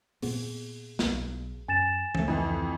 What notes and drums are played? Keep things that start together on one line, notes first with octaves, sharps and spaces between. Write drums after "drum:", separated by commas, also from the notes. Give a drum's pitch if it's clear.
A#2 B3 C4 G#4, drum: open hi-hat
B1 F#2 B3, drum: snare
F#2 G#5 A6 E7
C#2 A3, drum: tom E3
F2 E3